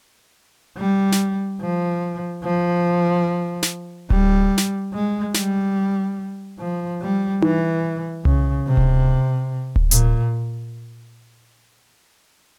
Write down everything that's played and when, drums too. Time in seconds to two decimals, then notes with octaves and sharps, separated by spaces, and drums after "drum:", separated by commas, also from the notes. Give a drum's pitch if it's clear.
0.77 G3
1.12 drum: snare
1.61 F3
2.44 F3
3.63 drum: snare
4.10 G3, drum: kick D1
4.58 drum: snare
4.93 G#3
5.34 G3, drum: snare
6.59 F3
7.01 G3
7.42 E3, drum: tom D#4
8.25 C#3, drum: tom C2
8.67 C3
8.77 drum: kick D1
9.76 drum: kick D1
9.91 A#2, drum: hi-hat